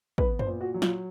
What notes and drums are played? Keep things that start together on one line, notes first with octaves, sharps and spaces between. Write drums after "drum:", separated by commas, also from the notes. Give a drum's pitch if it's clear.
B3 B4, drum: kick
C5, drum: tom F#2
A#2
F#4
F#3
F4, drum: snare